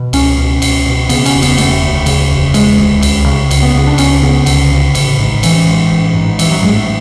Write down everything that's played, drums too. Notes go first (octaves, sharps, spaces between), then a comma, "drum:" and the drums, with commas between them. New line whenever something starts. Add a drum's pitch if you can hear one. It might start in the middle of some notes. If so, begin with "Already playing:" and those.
Already playing: B2
C#2 C#4, drum: cymbal
B2
C#2, drum: cymbal
B2
C#3 B3, drum: cymbal
C#4, drum: cymbal
E1
B3, drum: cymbal
E1 A3, drum: cymbal
D2
C#3, drum: cymbal
E1
E1 G#3, drum: cymbal
D2
C#2, drum: cymbal
C#3
C#2, drum: cymbal
B3
C#3 B3
D4
C#2 C#4, drum: cymbal
C#3 B3
C#2 D3, drum: cymbal
C#3
A1, drum: cymbal
G#2
A1 E3, drum: cymbal
G#2
A1
G#2
A1 E3, drum: cymbal
F#3
G#2 G#3
A3